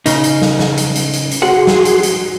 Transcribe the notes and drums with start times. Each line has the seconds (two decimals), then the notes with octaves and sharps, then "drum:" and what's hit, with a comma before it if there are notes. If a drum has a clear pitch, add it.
0.06 C#3 D#4, drum: hi-hat
0.24 drum: hi-hat
0.42 drum: snare
0.60 drum: snare
0.77 drum: hi-hat
0.95 drum: hi-hat
1.13 drum: hi-hat
1.31 drum: hi-hat
1.42 F#4 G#4 F#5 C6
1.67 drum: snare
1.85 drum: hi-hat
2.03 drum: hi-hat